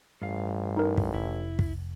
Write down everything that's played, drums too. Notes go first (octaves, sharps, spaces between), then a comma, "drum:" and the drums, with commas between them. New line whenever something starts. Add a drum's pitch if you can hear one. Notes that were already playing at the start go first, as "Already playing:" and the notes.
A1 G2 F5
D#4 A#4
drum: kick
F1 E4
drum: kick